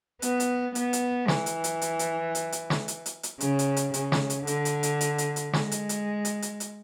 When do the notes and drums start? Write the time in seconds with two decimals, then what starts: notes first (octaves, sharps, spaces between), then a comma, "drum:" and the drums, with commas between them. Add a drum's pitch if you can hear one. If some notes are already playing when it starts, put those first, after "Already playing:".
0.22 B3, drum: hi-hat
0.40 drum: hi-hat
0.75 B3, drum: hi-hat
0.93 drum: hi-hat
1.28 E3, drum: snare
1.46 drum: hi-hat
1.64 drum: hi-hat
1.82 drum: hi-hat
1.99 drum: hi-hat
2.35 drum: hi-hat
2.52 drum: hi-hat
2.70 drum: snare
2.88 drum: hi-hat
3.06 drum: hi-hat
3.23 drum: hi-hat
3.40 C#3, drum: hi-hat
3.59 drum: hi-hat
3.77 drum: hi-hat
3.94 C#3, drum: hi-hat
4.12 drum: snare
4.30 drum: hi-hat
4.47 D3, drum: hi-hat
4.65 drum: hi-hat
4.83 drum: hi-hat
5.01 drum: hi-hat
5.18 drum: hi-hat
5.36 drum: hi-hat
5.53 G#3, drum: snare
5.71 drum: hi-hat
5.89 drum: hi-hat
6.25 drum: hi-hat
6.42 drum: hi-hat
6.60 drum: hi-hat